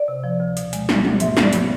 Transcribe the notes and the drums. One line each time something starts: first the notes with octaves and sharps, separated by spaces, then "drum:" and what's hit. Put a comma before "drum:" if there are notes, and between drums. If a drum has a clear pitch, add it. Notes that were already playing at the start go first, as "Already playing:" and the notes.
Already playing: D5
C3
F3
D2
B2, drum: hi-hat
G#3, drum: hi-hat
B3, drum: snare
B2, drum: tom
G#2 E5, drum: hi-hat
E3, drum: snare
D5
B3, drum: hi-hat